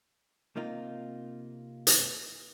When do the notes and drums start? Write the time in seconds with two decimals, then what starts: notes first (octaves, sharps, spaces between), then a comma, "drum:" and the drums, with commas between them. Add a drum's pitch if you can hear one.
0.56 C3 A#3 D#4 F4
1.87 drum: hi-hat